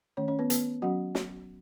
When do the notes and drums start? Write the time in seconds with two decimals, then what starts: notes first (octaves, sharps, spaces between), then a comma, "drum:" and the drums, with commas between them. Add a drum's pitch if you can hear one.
0.17 D#3 A3 C#4 C#5
0.28 C#4 C#5
0.39 B3 B4
0.50 B3 B4, drum: hi-hat
0.82 F#3 C#4 F#4 F#5
1.15 drum: snare